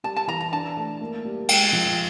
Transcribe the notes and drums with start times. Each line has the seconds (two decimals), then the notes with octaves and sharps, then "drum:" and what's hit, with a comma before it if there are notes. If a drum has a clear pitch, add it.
0.04 G3 A5
0.16 A5
0.27 E3 A#5
0.41 A#5
0.52 D4 A5
0.77 A3
1.01 A#3
1.25 G3
1.49 G#3 G5, drum: cymbal
1.73 F3